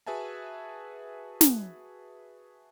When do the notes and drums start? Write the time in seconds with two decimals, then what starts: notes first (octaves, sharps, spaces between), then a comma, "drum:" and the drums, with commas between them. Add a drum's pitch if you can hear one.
0.06 F#4 G#4 B4 E5 G#5 A5
1.41 drum: snare